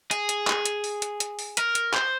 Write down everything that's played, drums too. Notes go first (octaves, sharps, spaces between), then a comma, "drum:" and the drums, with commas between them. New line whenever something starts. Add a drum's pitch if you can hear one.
G#4, drum: hi-hat
drum: hi-hat
drum: clap
drum: hi-hat
drum: open hi-hat
drum: hi-hat
drum: hi-hat
drum: open hi-hat
A#4, drum: hi-hat
drum: hi-hat
C5, drum: clap